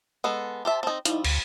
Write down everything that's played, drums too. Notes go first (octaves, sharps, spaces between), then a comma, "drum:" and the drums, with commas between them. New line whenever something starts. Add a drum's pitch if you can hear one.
G#3 B3 A4
G4 C5 E5 A5
C4 D#4
F3 G3 D#4 E4, drum: hi-hat
D2, drum: cymbal